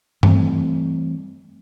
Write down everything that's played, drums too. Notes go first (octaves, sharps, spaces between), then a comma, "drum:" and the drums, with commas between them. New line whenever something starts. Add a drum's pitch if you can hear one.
E3 G3 A3 C4, drum: tom G2